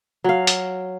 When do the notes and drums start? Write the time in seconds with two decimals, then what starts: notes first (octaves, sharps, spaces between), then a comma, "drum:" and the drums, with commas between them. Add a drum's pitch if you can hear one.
0.24 F#3 F5
0.47 drum: hi-hat